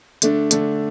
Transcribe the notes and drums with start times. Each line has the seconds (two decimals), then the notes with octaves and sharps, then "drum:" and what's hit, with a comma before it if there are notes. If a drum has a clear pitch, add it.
0.22 D3 A3 D4, drum: hi-hat
0.51 D3 A3 D4, drum: hi-hat